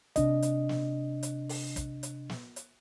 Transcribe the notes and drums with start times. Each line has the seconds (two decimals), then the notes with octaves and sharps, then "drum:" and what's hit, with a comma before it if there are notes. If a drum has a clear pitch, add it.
0.16 C3 D4 D#5, drum: kick, hi-hat
0.42 drum: hi-hat
0.69 drum: snare
1.23 drum: hi-hat
1.49 drum: open hi-hat
1.76 drum: kick, hi-hat
2.03 drum: hi-hat
2.30 drum: snare
2.56 drum: hi-hat